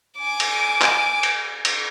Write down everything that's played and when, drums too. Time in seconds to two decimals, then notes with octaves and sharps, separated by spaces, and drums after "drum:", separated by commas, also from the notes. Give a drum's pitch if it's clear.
0.19 G#5 D6
0.40 drum: cymbal
0.82 drum: clap
1.23 drum: cymbal
1.65 drum: cymbal